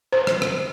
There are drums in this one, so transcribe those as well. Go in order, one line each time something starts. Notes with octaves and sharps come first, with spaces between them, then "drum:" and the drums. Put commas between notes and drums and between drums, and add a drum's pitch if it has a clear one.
C5
drum: rim click
drum: rim click